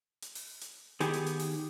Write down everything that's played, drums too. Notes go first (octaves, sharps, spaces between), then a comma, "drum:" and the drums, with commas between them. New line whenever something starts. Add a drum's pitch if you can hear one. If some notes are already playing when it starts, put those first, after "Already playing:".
drum: hi-hat
drum: open hi-hat
drum: hi-hat
D#3 B3 G4 G#4, drum: hi-hat
drum: hi-hat
drum: hi-hat
drum: open hi-hat